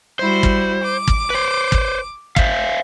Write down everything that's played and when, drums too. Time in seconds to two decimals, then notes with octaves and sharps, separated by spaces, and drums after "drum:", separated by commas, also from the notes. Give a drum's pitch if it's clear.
0.19 G3 E4 F#4 C5
0.43 drum: kick
0.83 D6
1.08 drum: kick
1.30 B4 C5
1.72 drum: kick
2.36 C5 E5 F5, drum: kick